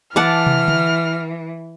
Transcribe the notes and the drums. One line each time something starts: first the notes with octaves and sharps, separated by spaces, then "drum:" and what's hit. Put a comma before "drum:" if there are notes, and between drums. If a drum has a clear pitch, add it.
E3 F#5 A5 D6 F6
drum: tom
drum: tom D3